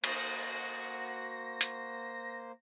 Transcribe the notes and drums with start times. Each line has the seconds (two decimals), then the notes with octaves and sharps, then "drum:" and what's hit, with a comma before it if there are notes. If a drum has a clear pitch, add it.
0.04 A#3 F#4 C5 A#6, drum: cymbal
1.61 drum: hi-hat